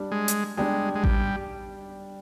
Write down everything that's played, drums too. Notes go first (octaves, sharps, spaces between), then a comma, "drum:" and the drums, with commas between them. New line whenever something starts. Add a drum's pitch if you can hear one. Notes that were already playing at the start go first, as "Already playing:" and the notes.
Already playing: G3 D4 G4
G#3
drum: hi-hat
G3 G#3 D4 G4
G#3
G3, drum: kick A1